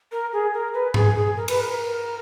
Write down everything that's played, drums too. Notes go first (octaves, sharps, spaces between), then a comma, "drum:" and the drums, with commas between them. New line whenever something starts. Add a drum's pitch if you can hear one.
A#4
G#4
A#4
B4
G#4, drum: tom G2
G#4
A#4
B4, drum: cymbal
A#4